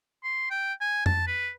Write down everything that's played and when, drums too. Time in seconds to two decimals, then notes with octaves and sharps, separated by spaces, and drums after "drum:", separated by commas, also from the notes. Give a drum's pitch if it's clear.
0.24 C6
0.50 G5
0.81 G#5
1.06 A5, drum: tom F2
1.27 B4